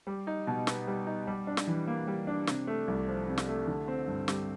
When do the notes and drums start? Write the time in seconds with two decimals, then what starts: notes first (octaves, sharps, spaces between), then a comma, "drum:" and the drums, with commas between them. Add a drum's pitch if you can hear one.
0.07 G3
0.27 D#4
0.47 B2
0.67 B3, drum: snare
0.87 G3
1.07 D#4
1.27 G3
1.47 D4
1.57 drum: snare
1.68 E3
1.87 A#3
2.07 G3
2.27 D4
2.47 C3, drum: snare
2.67 A3
2.88 C2
3.07 F3
3.28 C3
3.38 drum: snare
3.48 A3
3.67 D3
3.88 C4
4.08 G2
4.28 G3, drum: snare